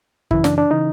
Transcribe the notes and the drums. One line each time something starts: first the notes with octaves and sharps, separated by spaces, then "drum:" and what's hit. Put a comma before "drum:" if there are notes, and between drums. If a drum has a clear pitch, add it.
F#2 C#3 E3 E4, drum: kick
D4, drum: snare
D4
C#3 E3 D#4